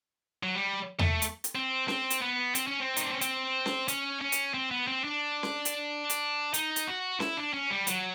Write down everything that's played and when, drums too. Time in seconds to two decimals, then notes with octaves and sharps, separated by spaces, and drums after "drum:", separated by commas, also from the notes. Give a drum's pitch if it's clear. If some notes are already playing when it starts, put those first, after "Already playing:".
0.43 F#3
0.55 G3
0.99 A3, drum: tom E2
1.22 drum: hi-hat
1.44 drum: hi-hat
1.55 C4
1.88 C4, drum: snare C#4
2.10 drum: hi-hat
2.22 B3
2.55 C4, drum: hi-hat
2.67 C#4
2.80 C4
2.97 D#4, drum: hi-hat
3.05 D4
3.13 C#4
3.21 C4, drum: hi-hat
3.66 drum: snare C#4
3.88 C#4, drum: hi-hat
4.21 C#4
4.32 drum: hi-hat
4.54 C4
4.71 B3
4.87 C4
5.04 D4
5.43 drum: snare C#4
5.65 drum: hi-hat
6.10 drum: hi-hat
6.54 D#4, drum: hi-hat
6.76 drum: hi-hat
6.87 F#4
7.20 E4, drum: snare C#4
7.37 D4
7.54 C#4
7.70 G3
7.87 F#3, drum: hi-hat